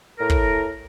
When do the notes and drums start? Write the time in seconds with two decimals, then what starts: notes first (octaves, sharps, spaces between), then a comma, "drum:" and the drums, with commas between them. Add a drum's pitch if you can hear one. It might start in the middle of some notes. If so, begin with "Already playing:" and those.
0.19 A2 A#4
0.30 drum: kick